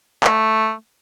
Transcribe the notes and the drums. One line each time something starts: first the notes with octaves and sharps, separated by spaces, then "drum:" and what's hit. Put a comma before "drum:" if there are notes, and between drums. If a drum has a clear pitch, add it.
A3, drum: clap